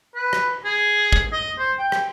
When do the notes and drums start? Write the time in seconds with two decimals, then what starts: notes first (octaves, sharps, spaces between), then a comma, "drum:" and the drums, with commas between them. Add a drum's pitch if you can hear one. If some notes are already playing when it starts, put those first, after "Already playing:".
0.14 B4
0.33 drum: rim click
0.65 G#4
1.13 drum: kick
1.32 D#5
1.58 C5
1.79 G5
1.92 drum: rim click